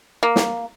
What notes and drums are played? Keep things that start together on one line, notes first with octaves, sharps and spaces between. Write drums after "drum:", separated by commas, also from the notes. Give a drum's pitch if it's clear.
A#3
drum: snare